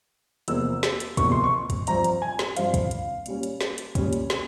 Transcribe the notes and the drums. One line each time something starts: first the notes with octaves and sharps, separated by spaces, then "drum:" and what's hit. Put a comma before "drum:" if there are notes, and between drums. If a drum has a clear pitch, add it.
E2 C3 F3 A#3 E6, drum: hi-hat
drum: snare
drum: hi-hat
E2 C3 F3 A#3 C#6, drum: kick, hi-hat
C6
C#6
drum: kick, hi-hat
G2 F3 C4 A#5, drum: hi-hat
drum: hi-hat
G#5
drum: snare
G2 F3 C4 F5, drum: hi-hat
drum: kick, hi-hat
drum: hi-hat
A#2 G3 C#4, drum: hi-hat
drum: hi-hat
drum: snare
drum: hi-hat
A#2 G3 C#4, drum: kick, hi-hat
drum: hi-hat
drum: snare